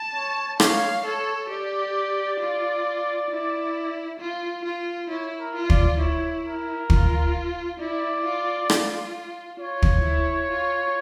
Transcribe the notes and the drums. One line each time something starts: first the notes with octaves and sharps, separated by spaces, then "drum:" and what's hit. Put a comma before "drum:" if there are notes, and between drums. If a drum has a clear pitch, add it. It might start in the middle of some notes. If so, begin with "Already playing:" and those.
Already playing: A5
C#5
C#5 F5, drum: rim click
A4 C#5
G4 D5
F4
E4
F4
F4
E4 C#5
A#4
F4
D5, drum: kick
E4 C#5
A#4
F4, drum: kick
E4 D5
F4
F4, drum: rim click
F4 C#5
drum: kick
E4
F4